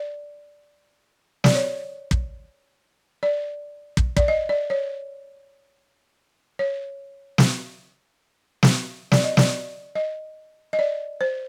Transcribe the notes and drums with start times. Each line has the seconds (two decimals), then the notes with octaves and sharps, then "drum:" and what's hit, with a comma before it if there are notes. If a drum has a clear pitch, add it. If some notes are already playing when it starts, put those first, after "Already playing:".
Already playing: D5
1.44 D5, drum: snare
1.55 C#5
2.11 drum: kick
3.23 D5
3.97 drum: kick
4.17 D5, drum: kick
4.28 D#5
4.49 D5
4.70 C#5
6.59 C#5
7.38 drum: snare
8.63 drum: snare
9.12 D5, drum: snare
9.24 D#5
9.37 D5, drum: snare
9.95 D#5
10.73 D#5
10.79 D5
11.21 C5